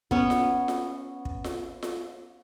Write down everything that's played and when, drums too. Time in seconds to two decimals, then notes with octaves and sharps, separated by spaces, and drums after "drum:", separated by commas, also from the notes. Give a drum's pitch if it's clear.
0.11 B3 C#4, drum: kick
0.30 drum: snare F4
0.68 drum: snare F4
1.25 drum: kick
1.44 drum: snare F4
1.83 drum: snare F4